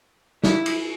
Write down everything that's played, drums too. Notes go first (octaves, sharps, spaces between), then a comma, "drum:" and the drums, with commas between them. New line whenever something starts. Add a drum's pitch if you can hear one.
E4, drum: snare
drum: cymbal